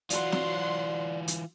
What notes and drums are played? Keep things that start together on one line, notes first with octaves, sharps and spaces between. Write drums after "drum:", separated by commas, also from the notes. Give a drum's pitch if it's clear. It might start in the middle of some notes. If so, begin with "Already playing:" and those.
E3 F#3 F4 D5 F#5 C6, drum: hi-hat
drum: snare
drum: hi-hat